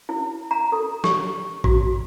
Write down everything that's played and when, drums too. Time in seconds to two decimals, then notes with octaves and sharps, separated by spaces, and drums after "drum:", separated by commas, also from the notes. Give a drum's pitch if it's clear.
0.09 E4
0.51 A#5
0.72 A4
1.04 G4, drum: snare
1.64 F#4, drum: kick A1